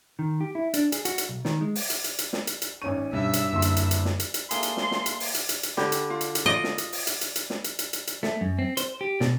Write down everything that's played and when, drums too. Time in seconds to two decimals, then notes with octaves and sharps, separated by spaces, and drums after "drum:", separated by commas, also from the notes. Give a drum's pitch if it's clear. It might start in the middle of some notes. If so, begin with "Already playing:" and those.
0.19 D#3
0.41 G4
0.55 E4
0.74 D4, drum: hi-hat
0.92 G#4, drum: hi-hat
1.05 F#4, drum: hi-hat
1.18 drum: hi-hat
1.29 B1
1.45 D#3, drum: snare
1.61 G#3
1.75 drum: open hi-hat
1.90 drum: hi-hat
2.04 drum: hi-hat
2.19 drum: hi-hat
2.33 drum: snare
2.47 drum: hi-hat
2.62 drum: hi-hat
2.82 G#1 C#4 C#6 D#7
3.13 G2 B2 E5 E6
3.33 drum: hi-hat
3.53 F#1 F#2 D3 F#4 C6
3.62 drum: hi-hat
3.77 drum: hi-hat
3.91 drum: hi-hat
4.05 drum: snare
4.20 drum: hi-hat
4.34 drum: hi-hat
4.51 A3 A#3 G#4 C6, drum: hi-hat
4.63 drum: hi-hat
4.77 drum: snare
4.91 drum: snare
5.06 drum: hi-hat
5.20 drum: open hi-hat
5.34 drum: hi-hat
5.49 drum: hi-hat
5.63 drum: hi-hat
5.77 D3 G4 B5, drum: snare
5.92 drum: hi-hat
6.10 F4
6.21 drum: hi-hat
6.35 drum: hi-hat
6.46 F4 D5 D#5
6.64 drum: snare
6.78 drum: hi-hat
6.92 drum: open hi-hat
7.07 drum: hi-hat
7.21 drum: hi-hat
7.36 drum: hi-hat
7.50 drum: snare
7.64 drum: hi-hat
7.79 drum: hi-hat
7.93 drum: hi-hat
8.07 drum: hi-hat
8.23 A3, drum: snare
8.41 F#2
8.59 C4
8.77 C5, drum: hi-hat
9.01 G4
9.20 B2, drum: snare